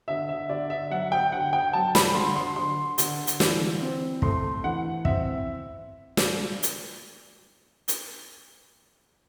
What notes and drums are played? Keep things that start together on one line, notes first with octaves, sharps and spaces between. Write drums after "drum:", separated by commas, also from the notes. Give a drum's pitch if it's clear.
D3 E5
E5
D3 D5
E5
F#3 F#5
G5
D3 F#5
G5
F#3 A5
B5, drum: snare
D3 C6
C6
D3 C6
D3, drum: hi-hat
drum: hi-hat
E3, drum: snare
C4
A3 C6, drum: kick
E3 F#5
C4 E5, drum: kick
drum: snare
drum: hi-hat
drum: hi-hat